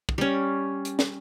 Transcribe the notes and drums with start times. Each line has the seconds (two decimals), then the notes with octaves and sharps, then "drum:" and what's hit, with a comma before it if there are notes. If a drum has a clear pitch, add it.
0.09 drum: kick
0.18 G3 C#4
0.85 drum: hi-hat
0.99 drum: snare